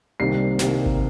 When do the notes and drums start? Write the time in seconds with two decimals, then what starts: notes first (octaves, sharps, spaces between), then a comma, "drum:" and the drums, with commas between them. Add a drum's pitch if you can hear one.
0.20 C2 C3 D#3 G3 A#3 C7
0.59 C2 C3 D#3 G3 A#3, drum: snare
0.86 drum: kick G#1